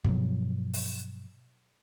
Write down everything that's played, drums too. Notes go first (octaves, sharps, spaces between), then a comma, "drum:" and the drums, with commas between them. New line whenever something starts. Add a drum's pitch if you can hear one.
G2 B2 F3 F#3, drum: kick
drum: open hi-hat